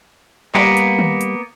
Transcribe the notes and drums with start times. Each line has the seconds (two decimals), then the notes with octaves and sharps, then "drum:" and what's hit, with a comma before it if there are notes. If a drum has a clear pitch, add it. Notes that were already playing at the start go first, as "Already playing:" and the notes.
0.55 G3 A#3 B3, drum: clap
0.77 drum: hi-hat
0.99 drum: tom D#3
1.21 drum: hi-hat